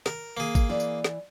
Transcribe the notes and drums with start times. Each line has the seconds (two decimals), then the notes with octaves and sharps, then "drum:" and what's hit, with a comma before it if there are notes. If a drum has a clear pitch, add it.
0.06 A#4, drum: snare
0.37 A#3 G#4
0.55 drum: kick, tambourine
0.69 E3 D5
0.80 drum: tambourine
1.04 drum: snare